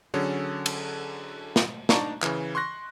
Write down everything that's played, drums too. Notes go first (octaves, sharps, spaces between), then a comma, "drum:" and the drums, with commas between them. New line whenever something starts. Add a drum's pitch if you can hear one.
D3 F#3 C#4 G#4 A4 C#5
drum: cymbal
drum: snare
D4 D#4 D5 A5 A#5 C#6, drum: snare
C#3 E3, drum: clap
C6 C#6 F#6 A#6